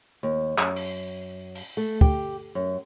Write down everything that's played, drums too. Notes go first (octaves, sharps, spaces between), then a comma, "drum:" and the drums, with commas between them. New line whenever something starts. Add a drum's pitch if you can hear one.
D#2
F#2, drum: clap
drum: open hi-hat
drum: open hi-hat
A3
G4, drum: kick
F#2